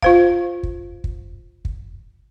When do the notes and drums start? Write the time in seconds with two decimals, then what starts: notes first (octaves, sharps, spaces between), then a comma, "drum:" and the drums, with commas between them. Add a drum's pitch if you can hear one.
0.02 F4 C5 F5, drum: kick
0.63 drum: kick
1.04 drum: kick
1.65 drum: kick